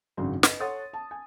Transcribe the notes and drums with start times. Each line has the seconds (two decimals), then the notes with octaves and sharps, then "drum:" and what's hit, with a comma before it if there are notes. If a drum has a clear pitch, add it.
0.17 G#1 F#2 C#3 D4 F#4 C6
0.43 B4 D#5, drum: snare
0.60 A4 C#5 F#5 C6 D#6 A6
0.93 A5
1.11 G#5